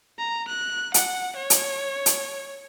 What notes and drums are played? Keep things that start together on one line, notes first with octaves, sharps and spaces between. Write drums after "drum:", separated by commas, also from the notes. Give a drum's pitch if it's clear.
A#5
F#6
F#5, drum: hi-hat
C#5
drum: hi-hat
drum: hi-hat